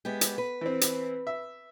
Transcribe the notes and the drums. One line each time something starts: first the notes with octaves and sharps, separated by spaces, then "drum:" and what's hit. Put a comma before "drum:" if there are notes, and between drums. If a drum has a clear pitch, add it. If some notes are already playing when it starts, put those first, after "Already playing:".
G#3 B3 G4
drum: hi-hat
B4
E3 C4
drum: hi-hat
E5